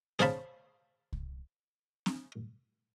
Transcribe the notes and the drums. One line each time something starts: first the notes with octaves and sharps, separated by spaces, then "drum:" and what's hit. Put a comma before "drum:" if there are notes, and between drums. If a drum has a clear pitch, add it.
G#4 C5 C#5 F5 A5 B5, drum: snare C4
drum: kick C2
drum: snare C4